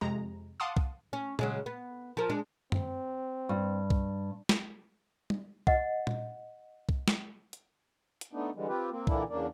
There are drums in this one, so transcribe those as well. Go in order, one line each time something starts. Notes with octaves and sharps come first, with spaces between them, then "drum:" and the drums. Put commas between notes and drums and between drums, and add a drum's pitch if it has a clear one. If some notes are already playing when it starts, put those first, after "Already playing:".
F2 C3 G#3 A#5
F5 F#5 A5 C6 D6 D#6
drum: kick
C#4
C#3 F#3 G#3, drum: tom A#2
B3
F3 A#4
G#3 D4
C4, drum: tom F#2
G2
drum: kick
drum: snare
drum: tom G3
D#5 F#5, drum: kick
drum: tom A#2
drum: kick
drum: snare
drum: hi-hat
drum: hi-hat
A3 B3 D4 D#4
D3 E3 G3 G#3
C4 F4 G4 B4
A#3 C4
A#2 D3 E3 A#3 D4 E4, drum: kick
E2 C#3 A#3 D4